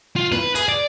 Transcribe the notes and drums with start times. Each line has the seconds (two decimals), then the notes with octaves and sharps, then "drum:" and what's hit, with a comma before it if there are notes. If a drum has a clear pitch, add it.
0.16 F4
0.32 B4, drum: snare E4
0.55 G#4, drum: hi-hat
0.69 D5